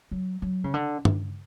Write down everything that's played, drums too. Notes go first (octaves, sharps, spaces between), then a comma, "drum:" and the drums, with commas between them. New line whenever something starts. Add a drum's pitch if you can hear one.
F#3
F#3
C#3
D3
C#3, drum: tom G2